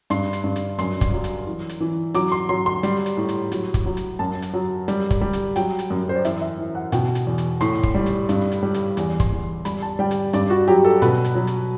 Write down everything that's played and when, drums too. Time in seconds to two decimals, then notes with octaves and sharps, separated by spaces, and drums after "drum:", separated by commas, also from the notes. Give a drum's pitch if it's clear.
0.10 G2 C6, drum: hi-hat
0.33 drum: hi-hat
0.44 G2
0.56 drum: hi-hat
0.79 F#2 C6, drum: hi-hat
1.01 drum: kick, hi-hat
1.13 F#3
1.24 drum: hi-hat
1.47 E3
1.69 drum: hi-hat
1.80 E3
2.14 F#3 D6, drum: hi-hat
2.32 C6
2.49 F#3 C6
2.66 C6
2.83 G3, drum: hi-hat
3.06 drum: hi-hat
3.17 A2
3.29 drum: hi-hat
3.52 F#3, drum: hi-hat
3.74 drum: kick, hi-hat
3.86 F#3
3.97 drum: hi-hat
4.19 F#2 A5
4.42 drum: hi-hat
4.54 F#3
4.88 G3, drum: hi-hat
5.11 drum: kick, hi-hat
5.21 G3
5.33 drum: hi-hat
5.56 F#3 G5, drum: hi-hat
5.79 drum: hi-hat
5.90 F#2
6.09 C5
6.16 D5
6.25 E3 E5, drum: hi-hat
6.41 E5
6.58 E3
6.75 F#5
6.92 B2 G5, drum: hi-hat
7.15 drum: hi-hat
7.27 E2
7.38 drum: hi-hat
7.61 A2 C6, drum: hi-hat
7.83 drum: kick
7.94 G3
8.06 drum: hi-hat
8.29 G2, drum: hi-hat
8.52 drum: hi-hat
8.63 G3
8.74 drum: hi-hat
8.97 E2, drum: hi-hat
9.20 C6, drum: kick, hi-hat
9.32 E2
9.65 G3 B5, drum: hi-hat
9.82 A5
9.99 G3 G5
10.11 drum: hi-hat
10.33 G2 D5, drum: hi-hat
10.50 F#4
10.68 F#3 G4
10.85 A4
11.02 B2 B4, drum: hi-hat
11.25 drum: hi-hat
11.35 F#3
11.47 drum: hi-hat